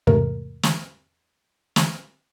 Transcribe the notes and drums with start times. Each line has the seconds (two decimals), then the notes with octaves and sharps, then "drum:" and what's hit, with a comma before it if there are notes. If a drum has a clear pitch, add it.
0.07 E2 G#2 C3 A3 A#4
0.63 drum: snare
1.76 drum: snare